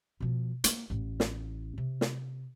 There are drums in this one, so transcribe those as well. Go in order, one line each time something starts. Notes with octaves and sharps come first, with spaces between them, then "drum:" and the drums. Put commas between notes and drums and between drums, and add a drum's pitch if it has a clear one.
B2 F3
A#3, drum: hi-hat
A1 A2
drum: snare
C3
drum: snare